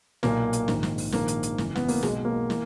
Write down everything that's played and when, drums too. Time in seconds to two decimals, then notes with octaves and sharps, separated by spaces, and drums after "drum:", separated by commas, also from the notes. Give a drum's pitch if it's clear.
0.23 B1 A#2 A#3, drum: snare
0.53 drum: hi-hat
0.68 A#1 G#2 D#3, drum: snare
0.83 drum: snare
0.98 drum: open hi-hat
1.12 A#1 G#2 D#3 A#3, drum: snare
1.28 drum: hi-hat
1.43 drum: hi-hat
1.58 F#1 F#2 E3, drum: snare
1.75 B3, drum: snare
1.88 A#3, drum: open hi-hat
2.03 B1 B2 G#3, drum: snare
2.25 A#3
2.50 E3, drum: snare